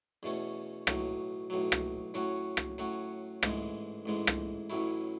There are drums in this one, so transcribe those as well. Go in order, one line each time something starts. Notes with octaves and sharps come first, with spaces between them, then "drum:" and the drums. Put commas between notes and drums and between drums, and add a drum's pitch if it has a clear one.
E2 B2 A3 C#4
B1 A2 F#3, drum: rim click
B1 A2 F#3
drum: rim click
A2 F#3 C#4 F#4
drum: rim click
A2 F#3 C#4 F#4
A1 G#2 E3 G#3, drum: rim click
A1 G#2 E3 G#3
drum: rim click
A1 A2 F#3 C#4 E4